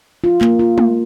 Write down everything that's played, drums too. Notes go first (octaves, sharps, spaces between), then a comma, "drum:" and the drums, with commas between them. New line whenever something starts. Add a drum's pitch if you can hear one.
F4
A#3, drum: clap
F4
A#3, drum: tom